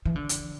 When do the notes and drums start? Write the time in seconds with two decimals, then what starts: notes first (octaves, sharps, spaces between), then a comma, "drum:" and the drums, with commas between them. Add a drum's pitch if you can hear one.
0.06 E3
0.16 D3
0.29 drum: hi-hat